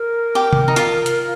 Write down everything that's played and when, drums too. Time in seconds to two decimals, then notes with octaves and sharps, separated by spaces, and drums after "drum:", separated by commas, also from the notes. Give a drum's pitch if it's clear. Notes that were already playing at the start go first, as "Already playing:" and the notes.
Already playing: A#4
0.35 G4
0.53 drum: tom C3
0.68 D#4
0.76 F4, drum: hi-hat
1.06 drum: hi-hat